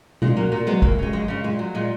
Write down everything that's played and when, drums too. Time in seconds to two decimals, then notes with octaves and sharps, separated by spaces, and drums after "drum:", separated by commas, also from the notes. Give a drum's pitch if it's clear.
0.22 A#2 G#3, drum: tom
0.37 F#3 A#3
0.52 A#2 A#3
0.67 F#3 G#3 B3
0.82 F#2 A#3, drum: kick
0.99 C#3 G#3
1.13 F#2 G#3
1.28 C#3 G#3
1.44 A#2 G#3
1.59 F#3
1.75 A#2 G#3